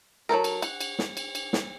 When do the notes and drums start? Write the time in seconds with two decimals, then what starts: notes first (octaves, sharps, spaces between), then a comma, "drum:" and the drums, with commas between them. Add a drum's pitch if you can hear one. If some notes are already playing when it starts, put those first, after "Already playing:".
0.29 F#3 A#3 A4 A#4
0.44 drum: cymbal
0.62 F#5, drum: cymbal
0.81 drum: cymbal
0.99 drum: snare
1.17 drum: cymbal
1.35 drum: cymbal
1.53 drum: snare